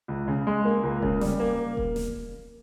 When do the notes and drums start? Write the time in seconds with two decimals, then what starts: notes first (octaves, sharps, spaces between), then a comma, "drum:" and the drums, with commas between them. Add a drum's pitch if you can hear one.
0.08 C#2
0.28 C#3
0.47 G#3
0.65 A#3
0.83 C#2
1.02 C#3, drum: kick D#1
1.21 G3, drum: snare
1.40 A#3
1.77 drum: kick D#1
1.96 drum: snare